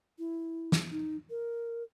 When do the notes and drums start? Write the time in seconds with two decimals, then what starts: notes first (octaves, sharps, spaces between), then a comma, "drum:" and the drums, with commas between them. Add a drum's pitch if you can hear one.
0.19 E4
0.72 drum: snare
0.91 D#4
1.30 A#4